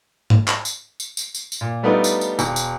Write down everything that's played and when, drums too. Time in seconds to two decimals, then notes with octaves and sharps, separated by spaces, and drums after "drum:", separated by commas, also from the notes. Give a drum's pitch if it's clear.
0.30 drum: tom G#2
0.48 drum: clap
0.65 drum: tambourine
1.00 drum: tambourine
1.17 drum: tambourine
1.35 drum: tambourine
1.52 drum: tambourine
1.61 A#2
1.83 G3 A3 B3 D4 D#4 F4
2.04 drum: tambourine
2.21 drum: tambourine
2.39 E1, drum: tambourine
2.56 drum: tambourine